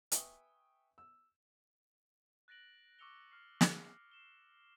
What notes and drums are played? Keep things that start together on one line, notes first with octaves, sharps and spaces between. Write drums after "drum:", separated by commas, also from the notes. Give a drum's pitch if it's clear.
B4 E5 G5 G#5 C#6 D#6, drum: hi-hat
E6
F#6 A6 A#6 D7 F#7
C#6 D6 E6 C#7 F7 G7
C#6 F6 C7
drum: snare
C7 E7 G7